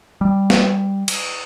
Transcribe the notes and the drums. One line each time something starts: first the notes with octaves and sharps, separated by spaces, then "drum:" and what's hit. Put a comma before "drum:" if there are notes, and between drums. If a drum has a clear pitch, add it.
G3
drum: snare
drum: cymbal